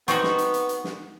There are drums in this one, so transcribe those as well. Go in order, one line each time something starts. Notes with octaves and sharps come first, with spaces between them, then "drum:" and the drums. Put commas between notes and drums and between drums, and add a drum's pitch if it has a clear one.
B3 C4 D#4 F#4 C#6, drum: hi-hat
drum: snare
drum: hi-hat
drum: hi-hat
drum: hi-hat
drum: snare